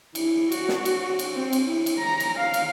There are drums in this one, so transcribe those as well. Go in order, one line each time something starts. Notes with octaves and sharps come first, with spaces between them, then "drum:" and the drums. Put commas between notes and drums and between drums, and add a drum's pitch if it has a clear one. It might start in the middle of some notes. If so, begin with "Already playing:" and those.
E4, drum: cymbal
F#4, drum: cymbal
drum: snare
drum: cymbal
drum: cymbal
C4
drum: cymbal
E4
drum: cymbal
A#5
drum: cymbal
F5
drum: cymbal